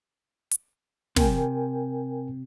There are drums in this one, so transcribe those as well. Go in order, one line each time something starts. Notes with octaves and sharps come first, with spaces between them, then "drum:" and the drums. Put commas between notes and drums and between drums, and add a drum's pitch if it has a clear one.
drum: hi-hat
C3 A#4 G5 G#5, drum: snare